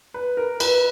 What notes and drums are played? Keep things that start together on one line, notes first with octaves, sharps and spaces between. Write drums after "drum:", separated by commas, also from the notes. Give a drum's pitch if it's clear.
B4
A#4
B4, drum: cymbal